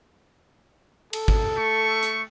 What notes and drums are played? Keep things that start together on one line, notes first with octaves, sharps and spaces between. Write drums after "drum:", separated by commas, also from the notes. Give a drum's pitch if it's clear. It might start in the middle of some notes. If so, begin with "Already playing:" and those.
A4, drum: cymbal
drum: kick
A3 C#6
drum: hi-hat